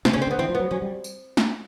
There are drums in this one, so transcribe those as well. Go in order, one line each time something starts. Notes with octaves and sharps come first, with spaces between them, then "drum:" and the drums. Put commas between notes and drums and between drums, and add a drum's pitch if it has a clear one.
C3 C4, drum: snare
C#4
C#3
C4
D3 B3
E3 C4
F3
B3
F#3
F#3 C#4
G3
drum: tambourine
drum: snare